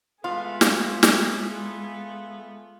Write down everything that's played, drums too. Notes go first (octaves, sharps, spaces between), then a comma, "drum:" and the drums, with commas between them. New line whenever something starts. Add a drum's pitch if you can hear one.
G#3 A3 B3 F4 G#4 F5
drum: snare
drum: snare